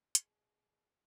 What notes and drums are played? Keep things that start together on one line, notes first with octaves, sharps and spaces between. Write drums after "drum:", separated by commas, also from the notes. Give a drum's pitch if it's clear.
B2 G#4, drum: hi-hat